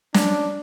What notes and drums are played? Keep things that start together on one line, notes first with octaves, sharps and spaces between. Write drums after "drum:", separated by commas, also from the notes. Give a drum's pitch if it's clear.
D4, drum: snare